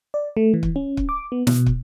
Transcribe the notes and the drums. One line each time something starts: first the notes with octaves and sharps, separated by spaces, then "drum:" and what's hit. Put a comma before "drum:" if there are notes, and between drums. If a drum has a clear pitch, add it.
D5
A3
E3
drum: kick
C#4
drum: kick
D6
B3
B2, drum: snare
drum: kick